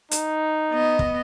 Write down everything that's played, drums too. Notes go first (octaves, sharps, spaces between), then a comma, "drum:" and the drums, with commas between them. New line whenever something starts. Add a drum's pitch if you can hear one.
D#4, drum: hi-hat
B3 D#5
drum: kick